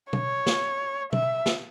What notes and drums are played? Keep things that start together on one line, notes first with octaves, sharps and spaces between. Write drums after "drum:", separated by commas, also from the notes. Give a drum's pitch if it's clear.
C#5, drum: tom
drum: snare
E5, drum: tom
drum: snare